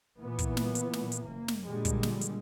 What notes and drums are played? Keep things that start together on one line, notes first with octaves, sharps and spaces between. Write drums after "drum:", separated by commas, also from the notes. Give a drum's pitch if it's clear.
A#2 E3 B3
drum: kick, hi-hat
drum: snare
drum: hi-hat
drum: snare
drum: hi-hat
F#1 A#3
drum: snare
A#2 D3 G3 G#3
drum: kick, hi-hat
drum: snare
drum: hi-hat